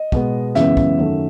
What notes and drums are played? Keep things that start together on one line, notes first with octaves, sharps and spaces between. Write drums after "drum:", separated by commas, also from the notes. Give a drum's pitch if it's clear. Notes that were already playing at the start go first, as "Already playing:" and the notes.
Already playing: D#5
B2 G#3 B3, drum: kick
F#2 C#3 E3 G#3 B3 E5, drum: snare
drum: kick
F#2 D#3 F#3 A3